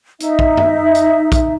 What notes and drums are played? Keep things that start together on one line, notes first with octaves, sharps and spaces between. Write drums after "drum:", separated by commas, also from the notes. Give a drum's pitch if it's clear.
D#4 E5, drum: hi-hat
drum: kick
drum: tom F#2
drum: hi-hat
drum: kick, hi-hat